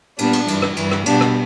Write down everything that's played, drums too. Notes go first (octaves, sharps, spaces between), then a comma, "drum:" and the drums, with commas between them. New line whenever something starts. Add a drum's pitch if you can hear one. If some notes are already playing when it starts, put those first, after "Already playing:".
A#2 G3 B3 D4, drum: cymbal
drum: cymbal
G2 E3 G3, drum: cymbal
drum: rim click
G2 E3 G3, drum: cymbal
drum: rim click
B2 G3 B3 D4, drum: cymbal
drum: rim click